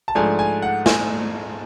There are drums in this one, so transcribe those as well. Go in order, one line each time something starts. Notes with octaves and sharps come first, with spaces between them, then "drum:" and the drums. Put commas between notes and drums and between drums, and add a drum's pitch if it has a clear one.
A5
G#2 F3 A3 D4 G#5
G#5
F#5
G#5, drum: snare